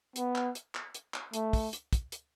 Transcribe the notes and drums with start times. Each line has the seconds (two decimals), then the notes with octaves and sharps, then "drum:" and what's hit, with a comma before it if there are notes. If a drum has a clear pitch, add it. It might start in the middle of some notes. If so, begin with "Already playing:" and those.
0.16 B3, drum: hi-hat
0.36 drum: clap
0.55 drum: hi-hat
0.75 drum: clap
0.94 drum: hi-hat
1.14 drum: clap
1.34 A3, drum: hi-hat
1.53 drum: kick, open hi-hat
1.73 drum: hi-hat
1.93 drum: kick, hi-hat
2.12 drum: hi-hat